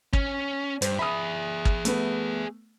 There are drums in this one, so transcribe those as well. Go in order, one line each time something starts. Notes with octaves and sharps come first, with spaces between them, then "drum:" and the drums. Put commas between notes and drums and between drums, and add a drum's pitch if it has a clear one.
C#4, drum: kick
G2 C5, drum: hi-hat
G#4 E5 B5 D#6
drum: kick
A3 B3, drum: hi-hat